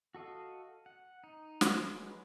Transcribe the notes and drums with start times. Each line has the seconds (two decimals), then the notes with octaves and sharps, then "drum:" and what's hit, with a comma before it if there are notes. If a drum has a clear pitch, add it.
0.15 F#4 A4 D#5 F5
0.86 F#5
1.24 D#4
1.61 drum: snare
1.76 F#3 G#3 B4